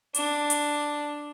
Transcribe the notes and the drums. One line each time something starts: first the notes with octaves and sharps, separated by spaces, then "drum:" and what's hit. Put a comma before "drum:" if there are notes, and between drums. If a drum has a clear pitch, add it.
D4, drum: hi-hat
drum: hi-hat